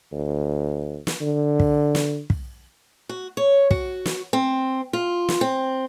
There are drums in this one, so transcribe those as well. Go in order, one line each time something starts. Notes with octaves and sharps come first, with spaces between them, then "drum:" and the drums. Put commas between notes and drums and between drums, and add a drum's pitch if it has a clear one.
D2
drum: snare
D3
drum: kick
drum: snare
drum: kick
F#4
C#5
F#4, drum: kick
drum: snare
C4
F4
drum: snare
C4